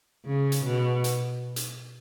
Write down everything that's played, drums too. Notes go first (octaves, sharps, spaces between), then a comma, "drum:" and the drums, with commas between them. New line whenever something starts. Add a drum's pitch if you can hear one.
C#3
drum: hi-hat
B2
drum: hi-hat
drum: hi-hat